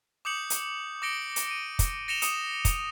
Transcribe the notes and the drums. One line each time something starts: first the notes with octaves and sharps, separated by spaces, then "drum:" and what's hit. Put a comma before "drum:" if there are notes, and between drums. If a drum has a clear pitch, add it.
D6 D#6 G6 C#7 F#7
drum: hi-hat
D6 D#6 A#6 C#7 D7 G7
drum: hi-hat
D7 D#7
drum: kick, hi-hat
A#6 C#7 E7 F7 G7
D6 D#6 C#7, drum: hi-hat
drum: kick, hi-hat